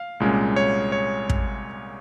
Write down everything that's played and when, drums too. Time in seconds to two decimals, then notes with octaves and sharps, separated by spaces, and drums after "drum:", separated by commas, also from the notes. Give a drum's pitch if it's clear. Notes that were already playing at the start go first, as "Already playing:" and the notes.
Already playing: F5
0.20 C2 A#2 G#3 C#4
0.56 C#5
0.92 C#5
1.29 drum: kick